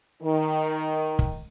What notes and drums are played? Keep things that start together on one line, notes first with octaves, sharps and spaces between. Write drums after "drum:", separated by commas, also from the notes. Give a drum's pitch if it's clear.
D#3
drum: kick